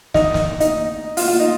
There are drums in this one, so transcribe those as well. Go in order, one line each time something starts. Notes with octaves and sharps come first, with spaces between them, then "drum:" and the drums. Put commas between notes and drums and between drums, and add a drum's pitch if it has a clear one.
D#4, drum: snare
drum: snare
D#4, drum: hi-hat
F4, drum: open hi-hat
F4
D#4